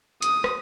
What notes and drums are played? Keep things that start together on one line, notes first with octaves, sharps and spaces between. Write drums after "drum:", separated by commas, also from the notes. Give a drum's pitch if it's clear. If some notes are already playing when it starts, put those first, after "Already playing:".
D#6, drum: hi-hat
drum: rim click